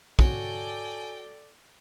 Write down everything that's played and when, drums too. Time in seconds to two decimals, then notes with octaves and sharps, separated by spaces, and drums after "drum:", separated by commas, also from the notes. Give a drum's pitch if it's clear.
0.19 F#4 A4 C#5 D5 G5 G#5, drum: kick